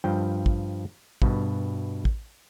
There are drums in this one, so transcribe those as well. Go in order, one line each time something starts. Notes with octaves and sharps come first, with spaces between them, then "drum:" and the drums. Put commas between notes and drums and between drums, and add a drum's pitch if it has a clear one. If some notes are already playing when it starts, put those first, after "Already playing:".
G2 F3 G5
drum: kick
G2 B2, drum: kick
drum: kick